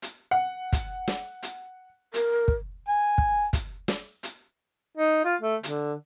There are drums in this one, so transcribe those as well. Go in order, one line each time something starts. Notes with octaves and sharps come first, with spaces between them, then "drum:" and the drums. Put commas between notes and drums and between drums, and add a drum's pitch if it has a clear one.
drum: hi-hat
F#5
drum: kick, hi-hat
drum: snare
drum: hi-hat
A#4, drum: hi-hat
drum: kick
G#5
drum: kick
drum: kick, hi-hat
drum: snare
drum: hi-hat
D#4
F4
A3
D3, drum: hi-hat